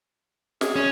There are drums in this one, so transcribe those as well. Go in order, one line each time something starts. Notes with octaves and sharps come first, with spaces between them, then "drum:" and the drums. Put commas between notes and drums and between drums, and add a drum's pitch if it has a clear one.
G#4, drum: snare
C#4